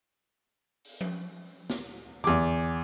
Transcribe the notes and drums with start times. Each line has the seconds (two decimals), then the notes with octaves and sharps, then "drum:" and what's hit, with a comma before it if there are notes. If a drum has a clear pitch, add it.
0.85 drum: open hi-hat
1.01 drum: tom F3
1.70 drum: snare
2.24 E2 D6, drum: tom D3